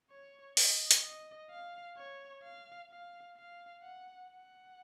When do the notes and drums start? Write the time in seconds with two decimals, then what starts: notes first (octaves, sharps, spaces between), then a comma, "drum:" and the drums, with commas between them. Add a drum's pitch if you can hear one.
0.10 C#5
0.57 D#5, drum: open hi-hat
0.91 drum: hi-hat
1.03 D#5
1.50 F5
1.96 C#5
2.43 F5
2.91 F5
3.37 F5
3.83 F#5
4.30 F#5